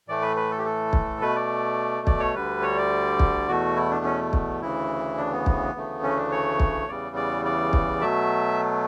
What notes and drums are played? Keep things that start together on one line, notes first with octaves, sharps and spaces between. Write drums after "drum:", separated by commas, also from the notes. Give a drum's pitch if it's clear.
A2 E3 A3 D5
B4
B4
A4
G4
A4
drum: kick
B2 A3 B4
D5
D5, drum: kick
C#5
D2 D3 G3 B4
C#5
D5
drum: kick
E2 B2 A3 F#4
E4
D4
C#4
drum: kick
D2 C#3 E3 E4
D4
B3
drum: kick
D2 C#3 E3 A3
C#4
D4
C#5
drum: kick
E2 C#3 E3 G3 D5
D5
D5
drum: kick
B2 F#3 A3 E5